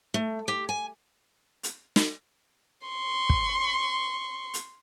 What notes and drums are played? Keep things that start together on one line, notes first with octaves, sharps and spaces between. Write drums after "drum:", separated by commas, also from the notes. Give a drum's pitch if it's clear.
A3
G4
G#5
drum: hi-hat
drum: snare
C6 C#6
drum: kick
drum: hi-hat